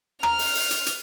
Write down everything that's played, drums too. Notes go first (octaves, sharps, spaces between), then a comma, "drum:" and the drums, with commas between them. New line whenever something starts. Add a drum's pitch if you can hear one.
A#5 F6, drum: rim click
drum: open hi-hat
drum: open hi-hat
drum: hi-hat
drum: hi-hat